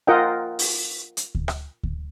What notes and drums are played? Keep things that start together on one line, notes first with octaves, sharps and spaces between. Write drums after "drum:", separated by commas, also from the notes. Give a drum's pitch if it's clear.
F4 A#4 D#5 F#5 G5
drum: open hi-hat
drum: hi-hat
drum: kick D2
drum: rim click
drum: kick D2